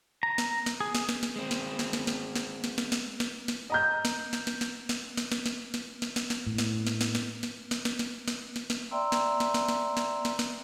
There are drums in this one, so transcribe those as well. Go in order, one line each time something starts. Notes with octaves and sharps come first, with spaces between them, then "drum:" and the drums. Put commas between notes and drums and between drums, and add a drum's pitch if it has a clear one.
A#5
drum: snare
drum: snare
G#4
drum: snare
drum: snare
drum: snare
G#3 C4
drum: snare
drum: snare
drum: snare
drum: snare
drum: snare
drum: snare
drum: snare
drum: snare
drum: snare
drum: snare
D#5 A#5 G6
drum: snare
drum: snare
drum: snare
drum: snare
drum: snare
drum: snare
drum: snare
drum: snare
drum: snare
drum: snare
drum: snare
drum: snare
A2
drum: snare
drum: snare
drum: snare
drum: snare
drum: snare
drum: snare
drum: snare
drum: snare
drum: snare
drum: snare
drum: snare
D5 E5 G5 A#5 C6 E6
drum: snare
drum: snare
drum: snare
drum: snare
drum: snare
drum: snare
drum: snare